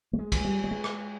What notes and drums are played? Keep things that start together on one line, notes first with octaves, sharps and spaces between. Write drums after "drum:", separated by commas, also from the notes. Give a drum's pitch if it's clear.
A3
G#3
drum: kick, cymbal
G3
G3
G#3
drum: rim click